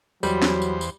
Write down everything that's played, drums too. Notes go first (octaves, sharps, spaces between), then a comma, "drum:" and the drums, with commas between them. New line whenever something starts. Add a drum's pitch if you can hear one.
E2 F#3 G3 C5, drum: tambourine
drum: snare
drum: tambourine
drum: tambourine